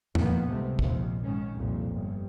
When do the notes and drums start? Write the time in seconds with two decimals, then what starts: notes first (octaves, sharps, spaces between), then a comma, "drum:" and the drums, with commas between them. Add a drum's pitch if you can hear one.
0.15 F2 A#2 D#3 F3 A#3 B3, drum: tom E2
0.48 C#2 G#2 C3 G3 A3
0.79 A#1 D#2 F3, drum: kick
1.22 G#2 D#3 C#4
1.55 C2 F2 A#2
1.93 G1 G2